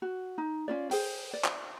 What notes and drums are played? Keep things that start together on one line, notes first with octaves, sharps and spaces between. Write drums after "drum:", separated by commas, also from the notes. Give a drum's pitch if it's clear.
F#4
D#4
C#4 F4 D5
G#4 C5 G5, drum: open hi-hat
D5
drum: clap